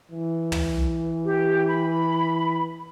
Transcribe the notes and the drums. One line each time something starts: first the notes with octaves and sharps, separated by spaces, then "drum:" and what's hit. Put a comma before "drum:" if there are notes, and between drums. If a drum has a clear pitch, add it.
E3
drum: tom
G4
B5